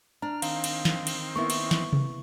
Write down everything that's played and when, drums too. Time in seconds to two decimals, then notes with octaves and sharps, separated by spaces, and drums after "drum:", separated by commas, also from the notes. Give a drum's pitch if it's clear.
0.22 D4 A#5 F6
0.42 D#3 C4 F5, drum: cymbal
0.64 drum: cymbal
0.85 drum: snare
1.07 drum: cymbal
1.36 A#3 B3 E4 C#6
1.50 drum: cymbal
1.71 drum: snare
1.93 drum: tom C3